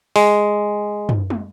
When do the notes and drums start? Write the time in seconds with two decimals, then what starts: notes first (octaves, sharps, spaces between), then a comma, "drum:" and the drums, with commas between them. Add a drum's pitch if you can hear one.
0.16 G#3, drum: open hi-hat
1.09 drum: tom
1.30 drum: tom